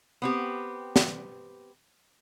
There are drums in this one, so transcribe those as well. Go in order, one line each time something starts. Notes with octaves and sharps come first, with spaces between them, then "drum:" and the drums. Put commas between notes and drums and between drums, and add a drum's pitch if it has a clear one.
B3 C4 G4
drum: snare